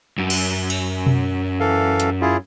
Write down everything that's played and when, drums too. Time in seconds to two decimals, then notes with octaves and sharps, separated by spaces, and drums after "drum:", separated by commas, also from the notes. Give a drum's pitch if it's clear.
0.18 F#2
0.30 drum: cymbal
0.70 drum: cymbal
1.06 drum: tom B2
1.60 E3 A4 F5
2.00 drum: hi-hat
2.22 E4 F4 G#4